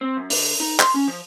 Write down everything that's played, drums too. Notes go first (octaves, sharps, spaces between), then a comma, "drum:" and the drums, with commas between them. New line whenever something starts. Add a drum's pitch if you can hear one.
C4
F#2
D3, drum: open hi-hat
D#4
C6, drum: clap
C#4
F3